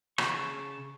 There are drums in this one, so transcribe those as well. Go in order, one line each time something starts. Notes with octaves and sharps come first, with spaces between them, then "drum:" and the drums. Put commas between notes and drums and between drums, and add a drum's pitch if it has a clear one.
C#3 A5 C#6, drum: rim click